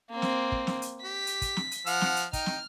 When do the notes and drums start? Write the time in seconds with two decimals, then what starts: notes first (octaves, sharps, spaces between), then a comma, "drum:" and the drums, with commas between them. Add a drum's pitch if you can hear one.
0.11 A#3 C4
0.22 drum: snare
0.52 drum: kick
0.67 drum: snare
0.82 drum: hi-hat
1.04 G4 B6
1.27 drum: hi-hat
1.42 drum: kick, hi-hat
1.57 drum: snare
1.71 drum: hi-hat
1.86 F3 F#5 F6, drum: hi-hat
2.01 drum: snare
2.16 drum: hi-hat
2.33 D#4 G5 F6, drum: kick, hi-hat
2.46 drum: snare